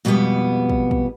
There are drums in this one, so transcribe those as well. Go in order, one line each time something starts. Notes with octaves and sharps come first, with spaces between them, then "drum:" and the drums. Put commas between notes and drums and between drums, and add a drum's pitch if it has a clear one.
F2 B2 G3 G#3 B3
drum: kick
drum: kick